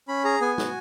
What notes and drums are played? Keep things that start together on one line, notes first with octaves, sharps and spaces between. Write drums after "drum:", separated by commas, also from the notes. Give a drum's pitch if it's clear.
C#4 B5
G#4 A#5
B3 G#5
F#4, drum: snare